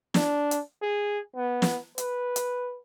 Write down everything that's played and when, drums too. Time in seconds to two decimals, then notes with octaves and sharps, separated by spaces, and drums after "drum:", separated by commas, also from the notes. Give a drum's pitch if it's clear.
0.14 D4, drum: snare
0.51 drum: hi-hat
0.82 G#4
1.36 B3
1.62 drum: snare
1.98 B4, drum: hi-hat
2.36 drum: hi-hat